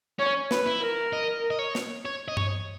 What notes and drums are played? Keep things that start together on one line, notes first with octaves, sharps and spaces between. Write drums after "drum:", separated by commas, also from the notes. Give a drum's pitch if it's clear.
C#4 C#5
B4, drum: snare
E4
A#4
D#5
D#5
C#5
drum: snare
C#5
D#5
C#5, drum: tom G2